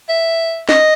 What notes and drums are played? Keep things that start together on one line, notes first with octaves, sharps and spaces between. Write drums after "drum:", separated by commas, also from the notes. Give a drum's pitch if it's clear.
E5
D#5, drum: snare